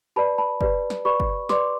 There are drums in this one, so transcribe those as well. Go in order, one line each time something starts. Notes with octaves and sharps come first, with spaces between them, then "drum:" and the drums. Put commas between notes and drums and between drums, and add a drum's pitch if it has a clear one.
G4 B4 D5 A5 B5
A5 B5
G4 B4 D5, drum: kick
drum: snare
G4 B4 D5 B5 C#6
drum: kick
G4 B4 D5 C6 D6, drum: snare